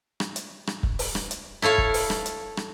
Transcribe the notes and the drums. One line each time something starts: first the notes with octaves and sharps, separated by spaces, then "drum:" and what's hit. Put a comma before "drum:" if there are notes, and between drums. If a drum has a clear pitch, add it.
drum: rim click
drum: hi-hat
drum: rim click
drum: kick
drum: open hi-hat
drum: rim click
drum: hi-hat
E4 A4 C#5 F5, drum: rim click
drum: kick
drum: open hi-hat
drum: rim click
drum: hi-hat
drum: rim click